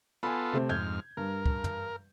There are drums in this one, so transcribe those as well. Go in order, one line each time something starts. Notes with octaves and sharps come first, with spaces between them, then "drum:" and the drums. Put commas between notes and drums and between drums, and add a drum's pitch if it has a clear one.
B3 F4 A4 G#5 B5
C3 A3 C4
F2 G#2 F6 G6 G#6
G2 A#4
drum: kick
drum: tom